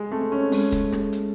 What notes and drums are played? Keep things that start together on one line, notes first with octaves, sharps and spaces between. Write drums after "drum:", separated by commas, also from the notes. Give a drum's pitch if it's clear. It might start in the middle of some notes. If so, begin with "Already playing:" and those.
Already playing: G#3
A3 C4
C#4
G#3 C#4, drum: open hi-hat
drum: kick, hi-hat
drum: snare
drum: hi-hat